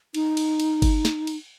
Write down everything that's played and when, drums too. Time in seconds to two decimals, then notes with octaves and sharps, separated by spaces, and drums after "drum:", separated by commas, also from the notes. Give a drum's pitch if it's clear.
0.14 D#4, drum: cymbal
0.37 drum: cymbal
0.60 drum: cymbal
0.82 drum: kick G1, cymbal
1.05 drum: snare
1.27 drum: cymbal